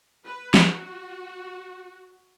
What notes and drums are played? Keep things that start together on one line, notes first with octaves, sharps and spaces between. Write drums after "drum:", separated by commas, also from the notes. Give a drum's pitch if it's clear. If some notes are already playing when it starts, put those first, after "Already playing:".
B4
drum: snare
F#4